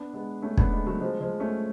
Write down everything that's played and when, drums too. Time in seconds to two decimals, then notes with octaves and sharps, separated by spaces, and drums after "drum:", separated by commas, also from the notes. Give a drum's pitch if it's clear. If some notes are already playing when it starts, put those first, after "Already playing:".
Already playing: B3 D4
0.13 G#3 B3
0.42 A3 C#4
0.57 B3 D4, drum: kick
0.72 G#3 B3
0.87 F#3 A3
1.01 F3 G#3
1.20 F3 G#3
1.40 A3 C#4